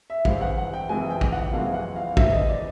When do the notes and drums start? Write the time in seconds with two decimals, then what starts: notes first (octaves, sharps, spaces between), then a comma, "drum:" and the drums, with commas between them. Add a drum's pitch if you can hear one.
0.10 E5
0.25 G2 E3 G#3 C4 F5, drum: kick
0.41 F#5
0.58 F#5
0.73 G5
0.89 F#1 F2 C3 E3 G#3 G#5
1.10 G5
1.21 drum: kick
1.32 F#5
1.53 F#1 F2 C3 E3 G#3 F5
1.74 F#5
1.96 F5
2.17 D2 C3 E3 E5, drum: kick
2.32 D#5
2.49 D5